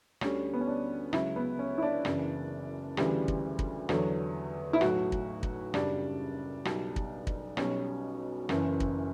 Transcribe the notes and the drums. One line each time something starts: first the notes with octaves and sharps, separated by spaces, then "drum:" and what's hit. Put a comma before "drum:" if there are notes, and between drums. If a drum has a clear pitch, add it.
D2 D3 G3 C#4, drum: rim click
B3
C#4
D4
C#2 C#3 F#3 E4, drum: rim click
B3
C#4
E4
D4
F#1 F#2 C#3 E3, drum: rim click
D2 C#3 E3 G3, drum: rim click
drum: kick
drum: kick
E2 D3 F#3, drum: rim click
E4
B1 A2 F#3 F#4, drum: rim click
drum: kick
drum: kick
F#1 F#2 C#3 G3 D4, drum: rim click
B1 B2 G3, drum: rim click
drum: kick
drum: kick
B1 B2 G3 C#4, drum: rim click
F#1 F#2 E3, drum: rim click
drum: kick